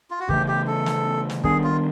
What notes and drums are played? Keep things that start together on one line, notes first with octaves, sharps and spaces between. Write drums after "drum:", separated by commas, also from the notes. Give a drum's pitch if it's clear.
F4
F#4
C#3 E3 A3 G4, drum: kick
G4
A4
drum: snare
drum: snare
D#3 G3 B3 D4 G#4, drum: kick
F4